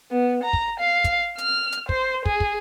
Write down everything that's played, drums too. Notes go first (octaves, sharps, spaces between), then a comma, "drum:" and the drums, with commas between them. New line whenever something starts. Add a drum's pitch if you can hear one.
B3
A#5
drum: kick
F5
drum: kick, hi-hat
F6, drum: hi-hat
drum: hi-hat
C5, drum: kick
G#4, drum: kick
drum: kick